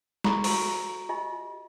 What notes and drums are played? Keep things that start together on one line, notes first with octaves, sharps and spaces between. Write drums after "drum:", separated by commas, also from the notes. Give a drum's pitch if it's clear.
A4 A#5 B5 C#6, drum: snare
F4 F#4 A4 A#5 C#6 E6, drum: open hi-hat
F4 G4 D#5 E5 G#5